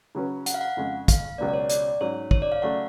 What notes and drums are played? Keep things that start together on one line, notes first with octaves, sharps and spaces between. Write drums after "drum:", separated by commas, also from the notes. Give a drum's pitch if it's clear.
C#3 F#3 C#4 F#4 B4
F#5, drum: hi-hat
F5
F#5
F2 C#3 G#3
F5, drum: kick, hi-hat
C#2 B2 F#3 B3 D5
D5
C#5
D5, drum: hi-hat
G#2 F#3 C#4 C#5
C#5, drum: kick
D5
F5
C#3 F#3 A3 F#5